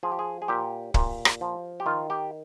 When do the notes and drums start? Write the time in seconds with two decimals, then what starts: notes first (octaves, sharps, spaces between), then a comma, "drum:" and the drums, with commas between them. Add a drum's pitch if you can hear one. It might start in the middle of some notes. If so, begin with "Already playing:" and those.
0.03 F3 G#4
0.12 G4
0.19 G#4
0.42 G#4
0.48 A#2 G4
0.94 A#2, drum: kick
1.25 drum: rim click
1.41 F3
1.80 G4
1.86 D#3 F4
2.10 G4